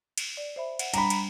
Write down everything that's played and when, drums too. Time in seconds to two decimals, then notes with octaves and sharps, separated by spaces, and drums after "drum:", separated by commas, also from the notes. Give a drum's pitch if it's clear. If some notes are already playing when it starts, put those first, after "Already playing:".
0.18 drum: cymbal
0.37 D5
0.56 C5 E5 B5
0.79 F#5, drum: cymbal
0.94 G3 D4 A#5 B5, drum: cymbal
1.10 drum: cymbal